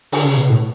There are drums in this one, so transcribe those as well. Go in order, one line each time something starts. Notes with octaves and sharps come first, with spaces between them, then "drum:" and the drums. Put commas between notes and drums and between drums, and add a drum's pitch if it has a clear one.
D3, drum: open hi-hat
C#3
B2
A2